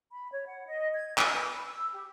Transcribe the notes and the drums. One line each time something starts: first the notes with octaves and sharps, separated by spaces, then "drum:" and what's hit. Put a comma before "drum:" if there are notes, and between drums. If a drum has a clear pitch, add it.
B5
C#5
F#5
D#5
G#6
G#5, drum: clap
B4
B5
E6
G4